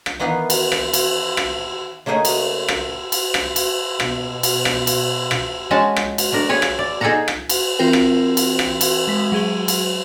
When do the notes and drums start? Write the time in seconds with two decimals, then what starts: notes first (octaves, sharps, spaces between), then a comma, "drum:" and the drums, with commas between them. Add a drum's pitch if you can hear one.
0.06 drum: rim click
0.19 D#3 E3 B3 D#4 F5
0.50 drum: cymbal
0.72 drum: rim click
0.93 drum: cymbal
1.37 drum: rim click
2.06 C#3 A3 A#3 D#4 G#4
2.25 drum: cymbal
2.68 drum: rim click
3.12 drum: cymbal
3.34 drum: rim click
3.56 drum: cymbal
4.00 B2, drum: rim click
4.43 drum: cymbal
4.65 drum: rim click
4.87 drum: cymbal
5.31 drum: rim click
5.71 G#3 C#4 F#4 G#5 A5
5.96 drum: rim click
6.18 drum: cymbal
6.32 A3 D4 A#4
6.49 G#4 B4 C#5 G#5
6.62 drum: rim click
6.79 D5
7.01 D#4 G#4 A4 F5 F#5 A#5
7.28 drum: rim click
7.50 drum: cymbal
7.79 E3 C4 F4 A#4 G5
7.93 drum: rim click
8.37 drum: cymbal
8.59 drum: rim click
8.81 drum: cymbal
9.08 G#3 B6
9.32 F#3 G#4 G7
9.68 drum: cymbal